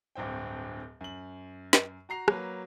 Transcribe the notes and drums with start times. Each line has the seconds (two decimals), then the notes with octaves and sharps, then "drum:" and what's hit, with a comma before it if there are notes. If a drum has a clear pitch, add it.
0.15 D1 D2 G2 C4 G5
1.01 F#2 F#7
1.73 drum: snare
2.09 F#4 A#5 C7 F7
2.28 F#3 A#3 B4, drum: rim click